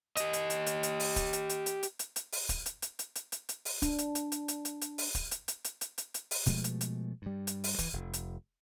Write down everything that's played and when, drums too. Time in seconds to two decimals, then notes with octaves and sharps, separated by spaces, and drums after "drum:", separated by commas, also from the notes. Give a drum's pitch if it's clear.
0.17 G4 D#5, drum: hi-hat
0.33 drum: hi-hat
0.50 drum: hi-hat
0.66 drum: hi-hat
0.83 drum: hi-hat
1.00 drum: open hi-hat
1.16 drum: kick, hi-hat
1.33 drum: hi-hat
1.49 drum: hi-hat
1.66 drum: hi-hat
1.83 drum: hi-hat
1.99 drum: hi-hat
2.16 drum: hi-hat
2.32 drum: open hi-hat
2.49 drum: kick, hi-hat
2.66 drum: hi-hat
2.82 drum: hi-hat
2.99 drum: hi-hat
3.15 drum: hi-hat
3.32 drum: hi-hat
3.49 drum: hi-hat
3.65 drum: open hi-hat
3.82 D4, drum: kick, hi-hat
3.98 drum: hi-hat
4.15 drum: hi-hat
4.32 drum: hi-hat
4.48 drum: hi-hat
4.65 drum: hi-hat
4.81 drum: hi-hat
4.98 drum: open hi-hat
5.15 drum: kick, hi-hat
5.31 drum: hi-hat
5.48 drum: hi-hat
5.64 drum: hi-hat
5.81 drum: hi-hat
5.98 drum: hi-hat
6.14 drum: hi-hat
6.31 drum: open hi-hat
6.46 B2 F3 G#3 A3, drum: kick, hi-hat
6.64 drum: hi-hat
6.81 drum: hi-hat
7.22 G2 G3
7.47 drum: hi-hat
7.64 drum: open hi-hat
7.78 E3, drum: kick, hi-hat
7.93 F1
8.13 drum: hi-hat